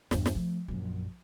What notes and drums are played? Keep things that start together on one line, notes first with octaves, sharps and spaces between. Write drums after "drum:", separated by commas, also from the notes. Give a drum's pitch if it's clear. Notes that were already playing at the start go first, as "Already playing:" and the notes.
E2 G2, drum: snare
drum: snare
F3 A3
A#1 F#2